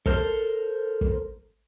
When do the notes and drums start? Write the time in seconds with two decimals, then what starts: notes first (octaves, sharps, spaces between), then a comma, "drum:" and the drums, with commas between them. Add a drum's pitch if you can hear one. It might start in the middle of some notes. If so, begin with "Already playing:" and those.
0.06 A4 A#4 C5, drum: kick
1.01 drum: kick